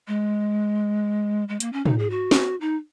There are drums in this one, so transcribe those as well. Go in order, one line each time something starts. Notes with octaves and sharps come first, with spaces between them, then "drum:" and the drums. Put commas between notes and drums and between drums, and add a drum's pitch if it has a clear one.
G#3
G#3
A#3, drum: hi-hat
C#4
D#4, drum: tom
G#4
F#4
drum: snare
D#4